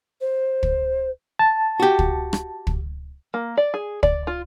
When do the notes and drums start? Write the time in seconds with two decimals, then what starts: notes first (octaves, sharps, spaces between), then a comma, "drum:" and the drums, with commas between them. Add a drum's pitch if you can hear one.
0.21 C5
0.63 drum: kick
1.39 A5
1.80 F#4 G4
1.99 drum: kick
2.33 drum: rim click
2.67 drum: kick
3.34 A#3
3.57 D5
3.74 G#4
4.03 D5, drum: kick
4.27 F4